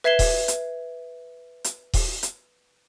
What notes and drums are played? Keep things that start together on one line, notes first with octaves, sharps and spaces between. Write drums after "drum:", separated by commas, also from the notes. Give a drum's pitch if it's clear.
B4 E5 G#6 C7 E7 G7
drum: kick D#1, open hi-hat
drum: hi-hat
drum: hi-hat
drum: kick D#1, open hi-hat
drum: hi-hat